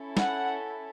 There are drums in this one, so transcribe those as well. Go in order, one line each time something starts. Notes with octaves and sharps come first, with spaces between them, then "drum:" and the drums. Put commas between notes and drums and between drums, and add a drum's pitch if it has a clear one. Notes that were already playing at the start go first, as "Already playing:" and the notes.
Already playing: C#4 E4 A4
F#5, drum: snare